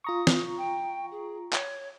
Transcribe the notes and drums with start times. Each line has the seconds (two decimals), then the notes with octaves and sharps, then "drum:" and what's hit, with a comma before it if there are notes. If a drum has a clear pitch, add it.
0.04 F4 A#5 C#6 D#6
0.27 drum: snare
0.58 G5
1.11 G#4
1.53 C#5, drum: clap